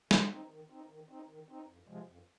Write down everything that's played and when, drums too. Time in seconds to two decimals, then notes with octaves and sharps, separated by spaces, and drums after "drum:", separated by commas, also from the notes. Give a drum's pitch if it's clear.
0.11 D#3, drum: snare
0.31 C4 D#4
0.50 D#3
0.70 C4 D#4
0.90 D#3
1.09 C4 D#4
1.29 D#3
1.49 C4 D#4
1.68 F2
1.88 C3 F3 G#3
2.08 F2